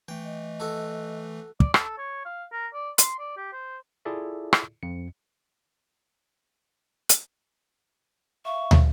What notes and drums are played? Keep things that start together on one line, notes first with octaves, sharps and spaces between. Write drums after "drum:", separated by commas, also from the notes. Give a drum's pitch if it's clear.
E3 A3 G5
D#5
F#4 A4
D5, drum: kick
A4, drum: rim click
C#5
F5
A#4
D5
C6, drum: hi-hat
D5
G4
C5
E4 F4 G#4 A4 D5 E5
drum: rim click
F2 C#7
drum: hi-hat
E5 F5 C#6
drum: tom